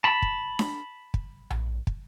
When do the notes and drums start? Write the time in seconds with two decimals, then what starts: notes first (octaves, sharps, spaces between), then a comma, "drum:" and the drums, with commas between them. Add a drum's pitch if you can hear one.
0.04 A5 B5
0.22 drum: kick
0.59 drum: snare D4
1.14 drum: kick
1.50 drum: tom A#1
1.87 drum: kick